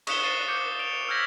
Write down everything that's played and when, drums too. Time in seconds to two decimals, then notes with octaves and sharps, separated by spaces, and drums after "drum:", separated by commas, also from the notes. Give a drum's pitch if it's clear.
0.07 C#6 D#6 F#6 C#7 E7 G7, drum: cymbal
0.23 C#6 A6 C7 C#7 D#7 E7
0.48 D6 G6 C#7
0.79 D7 F7
1.09 E6 F6 G6 G#6 A#6 B6